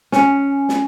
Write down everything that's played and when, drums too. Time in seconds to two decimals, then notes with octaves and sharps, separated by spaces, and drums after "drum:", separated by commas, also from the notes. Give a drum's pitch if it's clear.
0.12 C#4, drum: snare
0.69 drum: snare